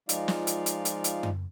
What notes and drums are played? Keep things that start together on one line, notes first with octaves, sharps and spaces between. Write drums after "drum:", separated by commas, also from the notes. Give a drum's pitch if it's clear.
F3 G#3 D#4 F4 D5 F5, drum: hi-hat
drum: snare
drum: hi-hat
drum: hi-hat
drum: hi-hat
drum: hi-hat
drum: tom F#2